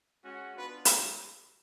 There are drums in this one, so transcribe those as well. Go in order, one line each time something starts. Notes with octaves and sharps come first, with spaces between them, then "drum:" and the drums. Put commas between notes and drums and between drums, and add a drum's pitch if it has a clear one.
G#3 C#4 F#4
B3 D4 F4 B4
drum: hi-hat